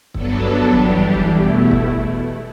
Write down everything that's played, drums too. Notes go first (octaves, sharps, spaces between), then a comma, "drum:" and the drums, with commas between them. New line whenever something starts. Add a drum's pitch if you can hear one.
G2 F#3 B3 D4 A4, drum: kick
E3 G3 D4 G4, drum: kick
drum: kick
E2 B2 A3 E4
drum: kick